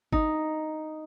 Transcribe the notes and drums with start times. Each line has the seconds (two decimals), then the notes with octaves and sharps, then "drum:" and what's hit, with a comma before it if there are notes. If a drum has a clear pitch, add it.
0.12 D#4, drum: kick G#1